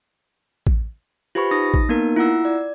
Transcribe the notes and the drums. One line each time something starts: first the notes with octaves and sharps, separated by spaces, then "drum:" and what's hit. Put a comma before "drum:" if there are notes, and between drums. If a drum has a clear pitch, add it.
drum: kick A1
F4 G4 B4 C5 B5 C#6
D#4 D#6 A#6
drum: kick A1
A#3 B3 D#4 A#4
E4 F4 F#5 E6
D5